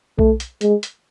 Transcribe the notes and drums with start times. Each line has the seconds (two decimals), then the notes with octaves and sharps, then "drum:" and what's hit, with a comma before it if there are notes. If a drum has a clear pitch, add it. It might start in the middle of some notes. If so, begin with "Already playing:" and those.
0.19 A3, drum: kick
0.40 drum: hi-hat
0.61 G#3, drum: hi-hat
0.83 drum: hi-hat